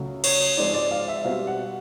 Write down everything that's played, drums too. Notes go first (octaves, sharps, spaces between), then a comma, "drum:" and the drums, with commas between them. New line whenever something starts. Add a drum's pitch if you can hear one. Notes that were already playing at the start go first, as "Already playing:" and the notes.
Already playing: C#2 C#3 F#3 A3
C#5, drum: cymbal
G#2 F3 G#3 C4 D5
D5
F5
E5
B2 G3 C4 F5
F#5